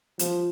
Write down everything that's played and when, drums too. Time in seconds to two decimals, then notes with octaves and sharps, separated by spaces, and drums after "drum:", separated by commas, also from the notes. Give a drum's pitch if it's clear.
0.19 F3, drum: hi-hat